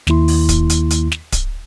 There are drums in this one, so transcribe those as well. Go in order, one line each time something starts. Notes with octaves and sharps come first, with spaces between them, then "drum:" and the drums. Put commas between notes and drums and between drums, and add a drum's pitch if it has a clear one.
D#2 D#3 A#3 E4 C6, drum: snare
drum: open hi-hat
drum: kick D1, hi-hat
drum: hi-hat
drum: hi-hat
drum: snare
drum: kick D1, hi-hat